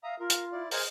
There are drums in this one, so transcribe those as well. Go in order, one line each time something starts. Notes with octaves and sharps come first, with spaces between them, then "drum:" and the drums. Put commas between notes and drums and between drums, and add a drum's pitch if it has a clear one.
E5 F5 A#5 D#6
F4 A#4
drum: hi-hat
E4 D5
G#4 A#4 C5 D#5, drum: open hi-hat